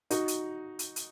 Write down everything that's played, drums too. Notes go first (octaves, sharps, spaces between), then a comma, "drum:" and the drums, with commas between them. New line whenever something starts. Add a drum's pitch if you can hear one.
D#4 F#4, drum: hi-hat
drum: hi-hat
drum: hi-hat
drum: hi-hat